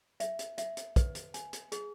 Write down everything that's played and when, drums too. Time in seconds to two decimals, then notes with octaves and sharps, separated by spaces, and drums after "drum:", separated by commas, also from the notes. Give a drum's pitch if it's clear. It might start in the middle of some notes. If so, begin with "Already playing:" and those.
0.20 E5, drum: hi-hat
0.39 drum: hi-hat
0.58 E5, drum: hi-hat
0.77 drum: hi-hat
0.96 B4, drum: kick, hi-hat
1.15 drum: hi-hat
1.34 G#5, drum: hi-hat
1.53 drum: hi-hat
1.72 G#4, drum: hi-hat